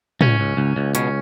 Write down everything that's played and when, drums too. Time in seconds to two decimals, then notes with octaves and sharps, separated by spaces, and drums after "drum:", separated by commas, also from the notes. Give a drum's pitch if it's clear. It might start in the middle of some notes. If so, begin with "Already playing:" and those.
0.21 C#2 C#4, drum: tom
0.40 C#2
0.57 C#2
0.76 C#2
0.95 B2 C#4, drum: hi-hat